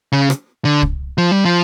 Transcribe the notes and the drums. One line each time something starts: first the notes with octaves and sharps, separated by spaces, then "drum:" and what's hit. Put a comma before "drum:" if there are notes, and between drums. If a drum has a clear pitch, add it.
C#3
drum: rim click
D3
drum: kick
F3
G3
F3